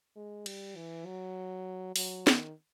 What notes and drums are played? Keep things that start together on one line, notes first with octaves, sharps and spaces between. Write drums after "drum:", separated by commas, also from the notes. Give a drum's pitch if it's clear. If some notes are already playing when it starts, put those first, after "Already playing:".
G#3
G3, drum: cymbal
E3
F#3
F#3, drum: open hi-hat
D#3, drum: snare